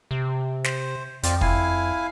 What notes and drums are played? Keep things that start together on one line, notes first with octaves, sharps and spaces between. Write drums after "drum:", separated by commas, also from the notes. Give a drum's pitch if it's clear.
C3
C5, drum: snare
F2 C4 F4 D5, drum: hi-hat
E4 F5 G#5, drum: kick